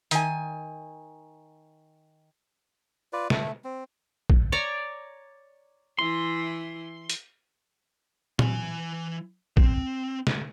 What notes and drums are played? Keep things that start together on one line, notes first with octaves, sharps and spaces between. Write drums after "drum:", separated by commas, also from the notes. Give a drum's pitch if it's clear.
D#3 G#5, drum: hi-hat
F4 B4 D5
A3, drum: snare
C4
drum: kick A1
C#5 D5 A#5
E3 E4 C6
drum: hi-hat
E3 G#5, drum: tom A#2
C4, drum: kick A1
drum: snare